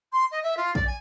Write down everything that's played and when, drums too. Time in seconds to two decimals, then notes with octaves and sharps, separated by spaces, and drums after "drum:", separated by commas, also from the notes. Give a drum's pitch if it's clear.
0.12 C6
0.31 D#5
0.43 E5
0.57 F4
0.75 D5, drum: kick
0.87 G#5